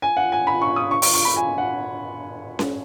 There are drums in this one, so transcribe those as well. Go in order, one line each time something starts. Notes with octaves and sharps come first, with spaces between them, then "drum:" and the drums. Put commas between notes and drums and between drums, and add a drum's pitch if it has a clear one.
G#5
F#5
G#5
B5
C#6
D#6
C#6
C#6, drum: open hi-hat
C#6
B5
G#5
F#5
drum: snare C#4